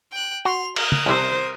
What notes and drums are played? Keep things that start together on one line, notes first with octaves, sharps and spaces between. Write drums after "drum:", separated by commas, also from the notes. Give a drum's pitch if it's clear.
G5 F#6
F#4 C6 F7
A#4 D#6, drum: cymbal
drum: tom
C2 C3 C5